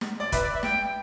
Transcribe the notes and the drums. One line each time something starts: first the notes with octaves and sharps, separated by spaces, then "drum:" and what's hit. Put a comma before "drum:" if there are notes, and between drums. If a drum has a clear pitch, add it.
drum: snare
D5
B4 E5, drum: kick, hi-hat
D5
E5
G5, drum: snare